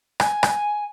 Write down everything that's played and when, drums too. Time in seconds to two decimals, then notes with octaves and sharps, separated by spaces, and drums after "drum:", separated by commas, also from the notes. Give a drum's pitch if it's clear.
0.20 G#5, drum: rim click
0.43 drum: rim click